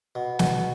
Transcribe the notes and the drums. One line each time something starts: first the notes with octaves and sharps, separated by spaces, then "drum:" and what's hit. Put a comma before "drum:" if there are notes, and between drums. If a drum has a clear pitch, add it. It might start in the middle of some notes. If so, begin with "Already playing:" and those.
B2
B2, drum: snare